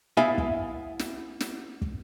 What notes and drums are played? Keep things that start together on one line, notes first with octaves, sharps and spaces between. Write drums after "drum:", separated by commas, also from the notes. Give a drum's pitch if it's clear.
B3 E4 E5 F5 G#5
drum: kick
drum: snare
drum: snare
drum: kick